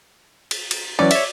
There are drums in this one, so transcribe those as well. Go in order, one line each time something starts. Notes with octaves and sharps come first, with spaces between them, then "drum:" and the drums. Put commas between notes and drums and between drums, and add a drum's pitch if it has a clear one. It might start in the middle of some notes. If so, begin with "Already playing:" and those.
drum: cymbal
drum: cymbal
E3 F#3 C#4 D5
C#5 E5, drum: cymbal